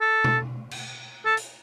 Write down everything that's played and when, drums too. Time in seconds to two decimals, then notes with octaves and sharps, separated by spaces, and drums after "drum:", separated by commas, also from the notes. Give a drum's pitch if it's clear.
0.01 A4
0.24 drum: tom B2
0.71 drum: cymbal
1.26 A4
1.37 drum: hi-hat